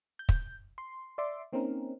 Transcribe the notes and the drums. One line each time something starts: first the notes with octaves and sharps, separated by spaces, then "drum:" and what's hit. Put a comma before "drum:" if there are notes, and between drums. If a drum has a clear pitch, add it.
G6
drum: kick
C6
D5 E5 C6 D6
A#3 C4 C#4 D#4 A#4